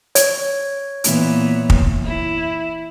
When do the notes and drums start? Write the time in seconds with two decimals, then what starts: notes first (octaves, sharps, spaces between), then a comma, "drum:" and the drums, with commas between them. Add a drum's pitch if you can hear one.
0.15 C#5, drum: hi-hat
1.04 A#2 E3 B3, drum: hi-hat
1.70 drum: kick
2.04 E4